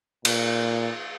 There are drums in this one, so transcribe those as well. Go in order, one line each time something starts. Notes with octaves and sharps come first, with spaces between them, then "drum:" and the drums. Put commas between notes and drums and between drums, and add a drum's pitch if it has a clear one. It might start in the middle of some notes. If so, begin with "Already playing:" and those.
A#2, drum: cymbal